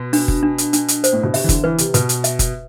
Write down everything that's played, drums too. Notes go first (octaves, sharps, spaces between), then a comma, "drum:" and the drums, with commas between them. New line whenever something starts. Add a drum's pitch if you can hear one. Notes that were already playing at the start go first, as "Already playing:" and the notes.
Already playing: B2 F#4
D4, drum: open hi-hat
drum: kick
D4
drum: hi-hat
D4, drum: hi-hat
drum: hi-hat
C5, drum: hi-hat
A2
B2
C3 E5, drum: open hi-hat
E3
D3, drum: kick, hi-hat
E3 B4
C3, drum: hi-hat
B2 B4, drum: hi-hat
drum: hi-hat
E5, drum: hi-hat
drum: kick, hi-hat